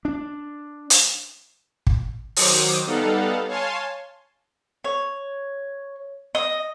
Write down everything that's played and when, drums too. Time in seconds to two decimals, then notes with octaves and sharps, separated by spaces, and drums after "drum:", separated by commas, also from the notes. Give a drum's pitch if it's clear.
0.05 D4
0.90 drum: hi-hat
1.87 drum: kick
2.36 D#3 F#3 C5 D6 D#6, drum: open hi-hat
2.86 G3 B3 D#4 A4 F5 F#5
3.48 C#5 F5 G#5 A5 C6
4.84 C#5
6.35 D#5